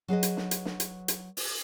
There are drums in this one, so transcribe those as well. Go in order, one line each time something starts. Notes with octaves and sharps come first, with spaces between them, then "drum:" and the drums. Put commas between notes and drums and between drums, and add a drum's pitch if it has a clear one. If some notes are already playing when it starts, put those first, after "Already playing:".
F#3 G#4 B4 D#5
drum: hi-hat
drum: snare
drum: hi-hat
drum: snare
drum: hi-hat
drum: hi-hat
drum: open hi-hat